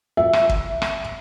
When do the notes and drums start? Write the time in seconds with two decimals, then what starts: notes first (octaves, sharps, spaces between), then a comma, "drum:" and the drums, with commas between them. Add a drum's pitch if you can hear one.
0.17 E5
0.33 drum: rim click
0.49 drum: kick
0.82 drum: rim click